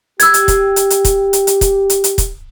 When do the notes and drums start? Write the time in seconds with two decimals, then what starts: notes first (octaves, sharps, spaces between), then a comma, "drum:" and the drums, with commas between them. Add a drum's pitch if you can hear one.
0.20 G4 E6 G#6, drum: hi-hat
0.34 drum: hi-hat
0.48 drum: kick, hi-hat
0.76 drum: hi-hat
0.90 drum: hi-hat
1.05 drum: kick, hi-hat
1.33 drum: hi-hat
1.47 drum: hi-hat
1.61 drum: kick, hi-hat
1.90 drum: hi-hat
2.04 drum: hi-hat
2.18 drum: kick, hi-hat